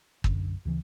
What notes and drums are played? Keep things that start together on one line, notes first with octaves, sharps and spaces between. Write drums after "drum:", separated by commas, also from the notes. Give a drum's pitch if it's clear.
B1 F#2 D3, drum: kick
D2 C#3 E3